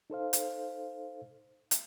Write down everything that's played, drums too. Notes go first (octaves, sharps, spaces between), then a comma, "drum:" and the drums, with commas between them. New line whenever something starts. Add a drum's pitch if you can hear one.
D#4 A4 C5 F5
drum: hi-hat
drum: hi-hat